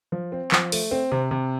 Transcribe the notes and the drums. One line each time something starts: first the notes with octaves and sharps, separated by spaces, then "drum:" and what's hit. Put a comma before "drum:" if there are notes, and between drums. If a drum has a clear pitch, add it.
F3
C4
F3, drum: clap
A3, drum: open hi-hat
C4
C3
C3